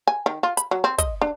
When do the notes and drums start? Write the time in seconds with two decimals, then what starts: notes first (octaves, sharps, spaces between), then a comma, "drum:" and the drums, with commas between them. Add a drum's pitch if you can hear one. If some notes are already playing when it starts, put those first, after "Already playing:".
0.07 G#5
0.26 D#3
0.43 F4
0.57 B5, drum: hi-hat
0.71 F#3
0.84 C4
0.98 D#5, drum: kick, hi-hat
1.21 D4